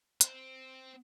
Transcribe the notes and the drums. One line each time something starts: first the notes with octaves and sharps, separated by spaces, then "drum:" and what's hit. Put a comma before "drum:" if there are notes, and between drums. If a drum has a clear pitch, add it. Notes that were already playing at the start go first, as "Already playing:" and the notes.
C4, drum: hi-hat